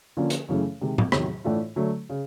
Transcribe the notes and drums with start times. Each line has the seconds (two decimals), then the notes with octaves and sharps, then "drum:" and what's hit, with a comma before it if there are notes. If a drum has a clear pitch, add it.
0.17 D3 F3 A#3 C#4
0.30 drum: hi-hat
0.48 F#2 C#3 E3 A3 C#4
0.81 C3 D#3 G#3
0.98 drum: tom A2
1.12 E2 C3 D#3 F#3, drum: rim click
1.44 A2 E3 A3 D4 F4
1.76 D3 F#3 A3
2.09 C#3